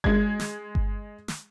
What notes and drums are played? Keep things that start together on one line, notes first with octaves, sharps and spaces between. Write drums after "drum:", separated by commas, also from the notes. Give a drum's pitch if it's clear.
G#3 G#6, drum: kick G1
drum: snare
drum: kick G1
drum: snare